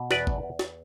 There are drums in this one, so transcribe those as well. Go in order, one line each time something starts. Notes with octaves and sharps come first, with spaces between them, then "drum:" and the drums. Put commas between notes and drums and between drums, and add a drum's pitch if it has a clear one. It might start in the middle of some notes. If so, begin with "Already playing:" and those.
Already playing: B2
E2 B4 D5, drum: snare
drum: kick G#1
E2
drum: snare